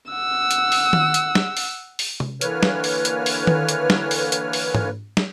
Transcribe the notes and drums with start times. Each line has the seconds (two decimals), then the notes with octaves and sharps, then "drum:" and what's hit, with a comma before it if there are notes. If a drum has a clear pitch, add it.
0.11 F#5 E6
0.51 drum: hi-hat
0.72 drum: open hi-hat
0.93 drum: tom D#3
1.14 drum: hi-hat
1.35 drum: snare
1.57 drum: open hi-hat
1.99 drum: open hi-hat
2.20 drum: tom C3
2.41 D3 E3 A#3 B4 C#5 F6, drum: hi-hat
2.63 drum: snare
2.84 drum: open hi-hat
3.05 drum: hi-hat
3.26 drum: open hi-hat
3.47 drum: tom D#3
3.69 drum: hi-hat
3.90 drum: snare
4.11 drum: open hi-hat
4.32 drum: hi-hat
4.53 drum: open hi-hat
4.75 drum: tom
5.17 drum: snare